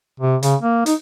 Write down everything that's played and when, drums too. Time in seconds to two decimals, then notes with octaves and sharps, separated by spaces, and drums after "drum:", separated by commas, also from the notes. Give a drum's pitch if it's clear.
0.20 C3
0.43 C#3, drum: hi-hat
0.62 A#3
0.86 D#4, drum: hi-hat